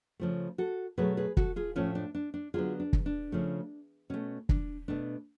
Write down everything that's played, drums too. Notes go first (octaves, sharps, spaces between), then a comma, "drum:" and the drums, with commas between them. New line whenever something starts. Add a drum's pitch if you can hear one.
C#3 F3 A3
F#4 A4
B2 F#3 A3 G#4 B4
G#4 B4
F#4 A4, drum: kick
F4 G#4
A2 F3 A3 C#4 F4
D4
D4
D4
D3 F#3 B3 F4 G#4
D4
drum: kick
D4
C#3 F3 A3
B2 A3 C#4
D4, drum: kick
B2 A3 D4